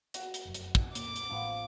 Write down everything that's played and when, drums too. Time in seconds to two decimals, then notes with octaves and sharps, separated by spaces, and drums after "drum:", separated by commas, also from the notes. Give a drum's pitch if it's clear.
0.14 F#4, drum: hi-hat
0.34 drum: hi-hat
0.45 F1 F#2
0.54 drum: hi-hat
0.75 drum: kick
0.95 A#3 D6, drum: hi-hat
1.16 drum: hi-hat
1.29 A1 A2 F3 B3 C#4 G#4